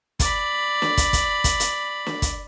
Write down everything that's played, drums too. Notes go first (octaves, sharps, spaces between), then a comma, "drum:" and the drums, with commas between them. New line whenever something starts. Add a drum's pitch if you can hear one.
D5 B5, drum: kick, hi-hat
drum: snare
drum: kick, hi-hat
drum: kick, hi-hat
drum: kick, hi-hat
drum: hi-hat
drum: snare
drum: kick, hi-hat